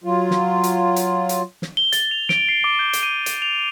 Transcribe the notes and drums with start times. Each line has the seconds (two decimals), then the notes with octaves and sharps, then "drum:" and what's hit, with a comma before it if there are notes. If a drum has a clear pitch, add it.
0.04 F#3 F4
0.31 drum: snare
0.64 drum: hi-hat
0.96 drum: hi-hat
1.29 drum: hi-hat
1.62 drum: snare
1.77 G7
1.92 A6, drum: hi-hat
2.11 F7
2.29 D7, drum: snare
2.49 C7
2.64 D6
2.79 G6
2.93 drum: hi-hat
3.03 D#7
3.26 drum: hi-hat
3.42 F7